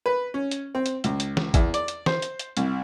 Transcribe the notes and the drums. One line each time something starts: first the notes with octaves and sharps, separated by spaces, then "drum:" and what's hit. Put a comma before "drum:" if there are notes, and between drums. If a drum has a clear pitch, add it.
B4
C#4
drum: hi-hat
C4
drum: hi-hat
C#2, drum: hi-hat
drum: hi-hat
drum: snare
E2, drum: kick, hi-hat
D5, drum: hi-hat
drum: hi-hat
C5, drum: snare
drum: hi-hat
drum: hi-hat
C2, drum: hi-hat